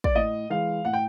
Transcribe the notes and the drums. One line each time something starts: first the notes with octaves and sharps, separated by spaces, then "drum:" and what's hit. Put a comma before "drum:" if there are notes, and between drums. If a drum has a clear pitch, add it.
D5, drum: kick
A2 D#5
E3 G#3 F5
A2 F#5
G5